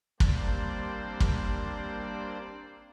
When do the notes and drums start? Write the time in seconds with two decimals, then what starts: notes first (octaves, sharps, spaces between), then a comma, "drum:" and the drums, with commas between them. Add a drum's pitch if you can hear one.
0.20 G3 A#3 C4 D4 C5 D5, drum: kick
1.20 drum: kick